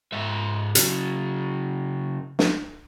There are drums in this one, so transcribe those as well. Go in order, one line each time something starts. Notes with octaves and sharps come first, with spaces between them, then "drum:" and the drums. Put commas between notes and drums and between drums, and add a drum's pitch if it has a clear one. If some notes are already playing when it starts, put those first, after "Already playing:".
G#2 E5
C#3 F#3, drum: hi-hat
drum: snare